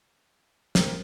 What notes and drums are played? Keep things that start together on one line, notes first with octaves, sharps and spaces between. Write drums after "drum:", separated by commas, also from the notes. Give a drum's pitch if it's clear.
A1 A#2 C4 A#4 D5, drum: snare